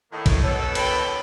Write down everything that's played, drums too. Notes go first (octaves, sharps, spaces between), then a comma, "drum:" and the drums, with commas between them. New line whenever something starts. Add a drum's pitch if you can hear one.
A2 D#3 A#3
drum: kick A#1, cymbal
B2 A4 C#5
G5 B5, drum: cymbal